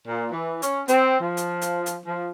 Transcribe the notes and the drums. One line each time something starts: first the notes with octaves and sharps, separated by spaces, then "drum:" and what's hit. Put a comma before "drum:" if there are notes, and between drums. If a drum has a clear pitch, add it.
A#2
E3
C#4, drum: hi-hat
C4, drum: hi-hat
F3
drum: hi-hat
drum: hi-hat
drum: hi-hat
F3